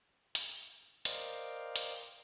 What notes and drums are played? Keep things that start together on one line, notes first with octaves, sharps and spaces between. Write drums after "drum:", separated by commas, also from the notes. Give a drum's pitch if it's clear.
drum: hi-hat
A#4 C5 D5 D#5 F5 G5, drum: hi-hat
drum: hi-hat